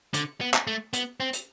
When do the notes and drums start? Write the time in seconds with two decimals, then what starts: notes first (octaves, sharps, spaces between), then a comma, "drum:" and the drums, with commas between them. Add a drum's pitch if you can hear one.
0.14 D3, drum: hi-hat
0.41 B3
0.54 drum: clap
0.67 A3
0.93 B3, drum: hi-hat
1.20 C4
1.33 drum: hi-hat